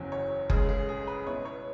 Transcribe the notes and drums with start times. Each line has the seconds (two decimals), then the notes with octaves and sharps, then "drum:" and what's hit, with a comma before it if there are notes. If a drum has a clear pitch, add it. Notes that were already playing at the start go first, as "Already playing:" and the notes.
Already playing: F#1 E2 C#3 F#3 C#4 C#5
0.12 C#5
0.50 C#2 C#3 G#3 C#4 G#4, drum: kick F#1
0.69 G#4
0.89 G#4
1.07 B4
1.27 C#2 B2 B3 E4 C#5
1.45 C#5